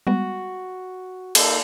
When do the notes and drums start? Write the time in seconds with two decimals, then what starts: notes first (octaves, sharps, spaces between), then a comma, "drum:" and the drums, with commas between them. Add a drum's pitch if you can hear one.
0.07 G3 G#3 B3 F#4
1.35 A#3 D#4 A4, drum: cymbal